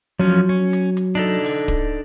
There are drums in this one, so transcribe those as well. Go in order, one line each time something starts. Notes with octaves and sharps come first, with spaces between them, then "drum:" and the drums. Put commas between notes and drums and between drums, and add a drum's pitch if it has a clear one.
F3 F#3 C#4
C#4
drum: hi-hat
drum: hi-hat
D4 D#4 A4
drum: open hi-hat
drum: kick D1, hi-hat